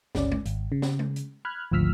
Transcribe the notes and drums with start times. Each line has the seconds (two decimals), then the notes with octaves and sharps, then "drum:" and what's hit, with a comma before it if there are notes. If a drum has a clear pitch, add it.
0.15 G1 C#2 C#4 D5, drum: snare
0.32 drum: tom G#3
0.46 G#1, drum: hi-hat
0.72 C#3
0.82 drum: snare
0.99 drum: tom G#3
1.16 drum: hi-hat
1.45 B5 F6 F#6 G#6
1.72 G#1 D2 F3 E6 F6 B6